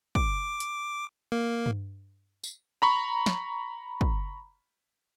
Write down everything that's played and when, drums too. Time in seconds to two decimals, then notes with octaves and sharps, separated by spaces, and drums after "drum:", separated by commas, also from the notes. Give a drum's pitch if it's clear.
0.15 D6, drum: kick
0.60 drum: hi-hat
1.32 A#3
1.66 drum: tom G2
2.43 drum: tambourine
2.82 A#5 B5 C#6
3.26 drum: snare
4.01 drum: kick